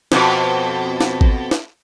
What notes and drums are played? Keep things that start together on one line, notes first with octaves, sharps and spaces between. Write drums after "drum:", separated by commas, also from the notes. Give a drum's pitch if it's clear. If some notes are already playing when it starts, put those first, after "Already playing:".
F2 B2, drum: snare
drum: snare
drum: kick G#1
drum: snare